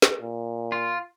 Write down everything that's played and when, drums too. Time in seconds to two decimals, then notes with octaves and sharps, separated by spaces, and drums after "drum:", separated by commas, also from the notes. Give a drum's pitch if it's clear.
0.02 drum: snare
0.21 A#2
0.72 F4